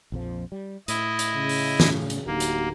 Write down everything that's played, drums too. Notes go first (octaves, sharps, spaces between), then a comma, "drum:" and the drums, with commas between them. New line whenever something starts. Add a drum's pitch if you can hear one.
A#1 F2 F3
G3
A2 E4 D#5, drum: hi-hat
drum: hi-hat
C#3
drum: open hi-hat
A2, drum: snare
drum: hi-hat
D1 D3 A#3 D#4 F#4 G4
drum: hi-hat